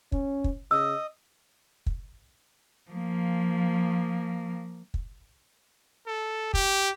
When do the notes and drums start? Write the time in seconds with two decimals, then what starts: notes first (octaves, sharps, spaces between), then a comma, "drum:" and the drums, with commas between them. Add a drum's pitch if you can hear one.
0.12 C#4, drum: kick
0.44 drum: kick
0.71 C#3 D#5 E6
1.86 drum: kick
2.91 F3 A#3
4.94 drum: kick
6.07 A4
6.54 G4, drum: kick